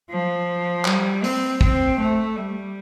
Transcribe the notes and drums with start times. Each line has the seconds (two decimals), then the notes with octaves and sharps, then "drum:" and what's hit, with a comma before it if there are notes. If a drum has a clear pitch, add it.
0.10 F3
0.85 G3, drum: clap
1.24 C4, drum: open hi-hat
1.61 C4, drum: kick
1.99 A3
2.36 G3